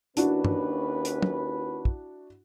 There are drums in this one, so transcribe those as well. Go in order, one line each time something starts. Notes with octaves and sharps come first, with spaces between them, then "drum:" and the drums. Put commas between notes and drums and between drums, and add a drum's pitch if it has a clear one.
D#2 C#4 D4 E4 F#4 B4, drum: hi-hat
drum: tom
drum: hi-hat
drum: tom
drum: kick